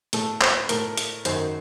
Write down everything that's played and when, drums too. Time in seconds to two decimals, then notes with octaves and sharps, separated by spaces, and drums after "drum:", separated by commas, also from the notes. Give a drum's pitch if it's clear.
0.13 A2 A4, drum: hi-hat
0.41 C5, drum: clap
0.69 A2 A#4, drum: hi-hat
0.97 drum: hi-hat
1.25 F#2 D#3 C5, drum: hi-hat